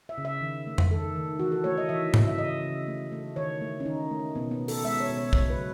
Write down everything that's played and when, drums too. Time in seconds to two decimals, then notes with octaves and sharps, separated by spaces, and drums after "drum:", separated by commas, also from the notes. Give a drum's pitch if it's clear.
0.09 E5
0.18 C#3
0.25 E5
0.41 D#3
0.67 A3
0.78 drum: tom F2
0.90 D#3 A4
1.16 D#3
1.39 E3 F#4
1.52 A4
1.64 A3 C#5
1.78 D#5
1.89 E3 E5
2.14 C#3, drum: tom G#2
2.27 E5
2.38 C#3 D#5
2.63 C#3
2.88 A3
3.12 A3
3.36 D#3 C#5
3.62 A3
3.80 C#4
3.85 D#3 D#4
4.11 A3
4.35 B2 B3
4.51 B3
4.60 B2
4.68 A4, drum: open hi-hat
4.85 G#3 E5
5.00 C#5
5.09 B2
5.18 C#5
5.33 C#3 C#5, drum: kick
5.50 B4
5.58 F#3